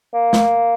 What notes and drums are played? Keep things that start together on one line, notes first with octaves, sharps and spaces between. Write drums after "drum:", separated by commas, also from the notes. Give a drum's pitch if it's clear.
A#3
drum: snare A3